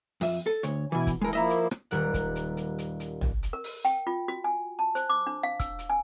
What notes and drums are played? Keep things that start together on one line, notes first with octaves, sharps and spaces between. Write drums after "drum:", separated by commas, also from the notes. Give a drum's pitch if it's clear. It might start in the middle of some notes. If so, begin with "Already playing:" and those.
F2 E5, drum: open hi-hat
A4
D2 C#5, drum: hi-hat
B2 E3 E4 G#5
drum: kick, hi-hat
E3 G#3 E4 A4 A#4
F3 A#3 E4 D#5 E5 A#5
drum: hi-hat
drum: rim click
D#1 G3 A#3 F#5, drum: hi-hat
drum: kick, hi-hat
drum: hi-hat
drum: hi-hat
drum: hi-hat
drum: hi-hat
drum: tom
drum: hi-hat
A#4
drum: open hi-hat
G5, drum: hi-hat
F4
F#4
G#5
A5
C5, drum: hi-hat
D6
D4
F5
E6, drum: kick, hi-hat
drum: hi-hat
G#5